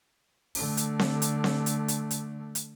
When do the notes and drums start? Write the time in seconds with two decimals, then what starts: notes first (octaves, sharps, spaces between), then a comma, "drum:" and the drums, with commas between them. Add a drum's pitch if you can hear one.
0.55 D3 A3, drum: open hi-hat
0.77 drum: hi-hat
0.99 drum: snare C4
1.22 drum: hi-hat
1.44 drum: snare C4
1.66 drum: hi-hat
1.88 drum: hi-hat
2.11 drum: hi-hat
2.55 drum: hi-hat